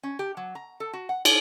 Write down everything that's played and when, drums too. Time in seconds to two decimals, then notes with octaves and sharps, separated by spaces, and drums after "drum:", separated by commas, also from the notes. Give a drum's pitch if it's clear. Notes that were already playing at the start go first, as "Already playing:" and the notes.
0.03 C#4
0.19 G4
0.37 F#3
0.55 A#5
0.80 A4
0.93 F#4
1.09 F#5
1.25 C#5, drum: cymbal